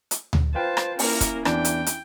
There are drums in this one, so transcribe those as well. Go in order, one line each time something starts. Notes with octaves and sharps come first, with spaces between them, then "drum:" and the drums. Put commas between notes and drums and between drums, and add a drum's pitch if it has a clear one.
drum: hi-hat
drum: tom D2
F4 B4 C5 G5 A5
drum: rim click
A#3 C#4 E4 A#4, drum: open hi-hat
drum: kick, hi-hat
E2 E3 D4 G5, drum: rim click
drum: hi-hat
drum: hi-hat